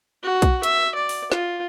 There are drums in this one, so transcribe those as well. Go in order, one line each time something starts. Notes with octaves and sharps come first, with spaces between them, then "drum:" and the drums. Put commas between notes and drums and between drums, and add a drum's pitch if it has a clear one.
F#4
drum: kick B1, hi-hat
E5, drum: hi-hat
D5
drum: open hi-hat
F4, drum: snare